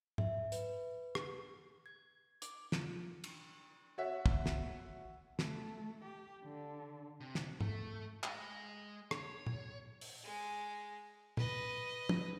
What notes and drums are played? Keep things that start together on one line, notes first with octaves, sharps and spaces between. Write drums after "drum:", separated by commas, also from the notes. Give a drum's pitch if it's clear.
E5, drum: tom G#2
B4, drum: hi-hat
drum: rim click
G#6
D6, drum: hi-hat
F3, drum: snare
drum: cymbal
F#4 C#5 E5 F#5
drum: kick
drum: snare
A3, drum: snare
G4
D3
C3
drum: snare
A3, drum: tom G#2
G#3 G#5, drum: clap
C#5, drum: rim click
drum: tom
drum: open hi-hat
G#3
B4 D#5, drum: tom
drum: tom